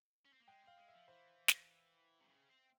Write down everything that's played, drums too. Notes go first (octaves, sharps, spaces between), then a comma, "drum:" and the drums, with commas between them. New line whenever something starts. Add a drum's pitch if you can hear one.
C#4
C4
A#3
G#3 G5
C4 F5
G#3
F3 E5
E3 C5
drum: snare
C3
C#3
C4